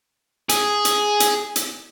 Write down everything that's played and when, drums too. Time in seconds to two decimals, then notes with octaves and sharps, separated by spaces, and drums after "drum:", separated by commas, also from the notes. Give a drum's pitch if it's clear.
0.49 G#4, drum: hi-hat
0.85 drum: hi-hat
1.20 drum: hi-hat
1.56 drum: hi-hat